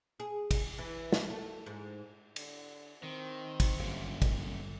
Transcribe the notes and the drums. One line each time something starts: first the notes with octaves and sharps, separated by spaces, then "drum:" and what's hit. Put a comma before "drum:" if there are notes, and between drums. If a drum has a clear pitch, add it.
G#4
drum: kick, cymbal
E3
drum: snare
A3
G#2
D3, drum: cymbal
D#3 C4
drum: kick, cymbal
G1 F#2 A#2
drum: kick, cymbal